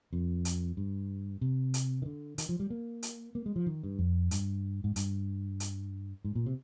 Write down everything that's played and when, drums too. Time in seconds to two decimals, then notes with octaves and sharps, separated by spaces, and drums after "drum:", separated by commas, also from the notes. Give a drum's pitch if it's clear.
0.13 F2
0.45 drum: hi-hat
0.77 G2
1.41 C3
1.74 drum: hi-hat
2.02 D#3
2.06 D3
2.38 D#3, drum: hi-hat
2.49 F3
2.60 G3
2.70 A#3
3.03 drum: hi-hat
3.35 A#3
3.46 G#3
3.56 F3
3.66 D#3
3.83 G2
3.99 F2
4.31 G2, drum: hi-hat
4.84 G#2
4.96 G2, drum: hi-hat
5.60 drum: hi-hat
6.25 G#2
6.35 A#2
6.46 C3